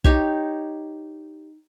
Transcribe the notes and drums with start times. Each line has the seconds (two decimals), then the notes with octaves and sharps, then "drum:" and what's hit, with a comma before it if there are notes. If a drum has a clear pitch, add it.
0.04 D#4 G4 C#5, drum: kick